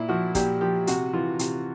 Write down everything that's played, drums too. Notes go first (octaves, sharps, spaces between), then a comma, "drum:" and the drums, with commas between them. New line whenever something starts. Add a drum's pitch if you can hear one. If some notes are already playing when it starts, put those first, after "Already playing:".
Already playing: A#2 E4
F3 F#4
A#2 G4, drum: kick, hi-hat
F3 G4
C3 F#4, drum: hi-hat
E3 F4
C3, drum: hi-hat